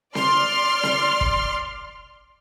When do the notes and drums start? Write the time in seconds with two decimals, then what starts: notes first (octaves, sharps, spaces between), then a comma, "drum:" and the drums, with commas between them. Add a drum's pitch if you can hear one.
0.15 D5 C6 F6, drum: snare C4
0.83 drum: snare C4
1.21 drum: kick